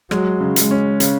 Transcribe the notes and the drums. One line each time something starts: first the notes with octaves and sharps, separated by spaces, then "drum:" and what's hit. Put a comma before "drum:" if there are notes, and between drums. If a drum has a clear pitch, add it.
F#3 G#3, drum: rim click
C#3
G#3, drum: hi-hat
C#4
C#3, drum: hi-hat